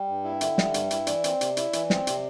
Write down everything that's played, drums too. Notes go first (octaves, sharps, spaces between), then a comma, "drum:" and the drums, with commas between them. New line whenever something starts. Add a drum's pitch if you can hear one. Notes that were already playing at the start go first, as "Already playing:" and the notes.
Already playing: G3 G5
G2
E4
D3 E5, drum: hi-hat
G3, drum: snare
G2, drum: hi-hat
E4, drum: hi-hat
E3 D5, drum: hi-hat
C4, drum: hi-hat
C3, drum: hi-hat
E4, drum: hi-hat
E3, drum: hi-hat
C4, drum: snare
C3, drum: hi-hat